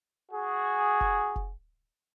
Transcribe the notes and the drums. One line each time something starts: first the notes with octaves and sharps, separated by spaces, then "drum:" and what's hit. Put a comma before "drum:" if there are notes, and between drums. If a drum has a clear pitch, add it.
F#4 G#4
drum: kick F1
drum: kick F1